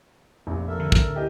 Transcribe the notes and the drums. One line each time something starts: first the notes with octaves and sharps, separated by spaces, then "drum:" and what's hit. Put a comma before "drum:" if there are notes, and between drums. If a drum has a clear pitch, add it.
F1 A#1 F2
A4 A#4 E5
D3
D2, drum: kick
E4 G4 D#5